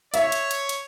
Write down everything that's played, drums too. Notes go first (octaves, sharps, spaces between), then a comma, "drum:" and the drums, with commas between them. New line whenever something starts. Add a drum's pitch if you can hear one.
C#5 E5, drum: hi-hat
drum: hi-hat
drum: hi-hat
drum: hi-hat